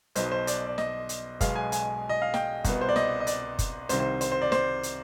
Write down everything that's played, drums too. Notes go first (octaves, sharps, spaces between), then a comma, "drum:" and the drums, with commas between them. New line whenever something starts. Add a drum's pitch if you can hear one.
B1 B2 B3 D#4 C5, drum: hi-hat
C5
D5, drum: hi-hat
D5
D#5, drum: snare
drum: hi-hat
B1 B2 G#3 B3 F5, drum: kick F#1, hi-hat
G#5
G#5, drum: hi-hat
D#5
F5
G5, drum: snare
C2 B2 B3, drum: kick F#1, hi-hat
C5
D5
D#5, drum: snare
D#5
D5, drum: hi-hat
drum: kick F#1, hi-hat
C2 C3 D#3 C5, drum: hi-hat
C5
C5, drum: hi-hat
C5
D5
C5, drum: snare
drum: hi-hat